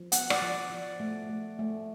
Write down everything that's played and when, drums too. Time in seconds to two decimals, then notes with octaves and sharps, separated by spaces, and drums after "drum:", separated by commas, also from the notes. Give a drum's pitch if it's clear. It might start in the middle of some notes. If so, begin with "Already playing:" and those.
Already playing: F3
0.12 B3 F#5, drum: hi-hat
0.30 D5 F#5, drum: rim click
0.42 F3
0.70 F3
1.00 A3
1.29 A3
1.59 A3